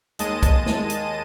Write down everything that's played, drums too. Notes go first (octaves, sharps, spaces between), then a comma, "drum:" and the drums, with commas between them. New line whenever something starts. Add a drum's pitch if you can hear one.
D#2 G#3 D#5 A5 D#7, drum: hi-hat
drum: kick, hi-hat
drum: snare
drum: hi-hat